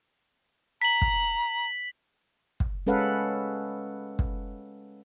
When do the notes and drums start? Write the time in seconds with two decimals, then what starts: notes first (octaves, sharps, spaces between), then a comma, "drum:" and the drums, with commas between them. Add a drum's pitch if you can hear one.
0.82 A#5 B6 F#7
1.02 drum: kick
2.60 drum: kick
2.87 G#3 C#4 A4 B4 F5 F#5
4.19 drum: kick